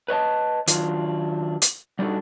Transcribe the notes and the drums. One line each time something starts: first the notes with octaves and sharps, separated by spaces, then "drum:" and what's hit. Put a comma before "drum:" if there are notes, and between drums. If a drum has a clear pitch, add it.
B4 C#5 D#5 A5
D#3 F#3 D4 F4, drum: hi-hat
drum: hi-hat
G3 D4 D#4 F#4 A4